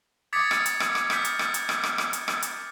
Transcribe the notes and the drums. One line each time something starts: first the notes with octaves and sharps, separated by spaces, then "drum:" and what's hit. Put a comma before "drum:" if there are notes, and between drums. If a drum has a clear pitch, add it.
D6 D#6 G#6 A6 B6 C#7
drum: rim click
drum: hi-hat
drum: rim click
drum: rim click
F6 G6 B6, drum: rim click
drum: hi-hat
drum: rim click
drum: hi-hat
drum: rim click
drum: rim click
drum: rim click
drum: hi-hat
drum: rim click
drum: hi-hat